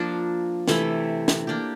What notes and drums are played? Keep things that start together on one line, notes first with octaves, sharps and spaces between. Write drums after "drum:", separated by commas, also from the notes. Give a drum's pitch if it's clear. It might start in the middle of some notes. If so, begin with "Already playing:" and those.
Already playing: F3 A#3 D4
C3 E3 A3 E4, drum: snare
drum: snare
A#3 D4 G4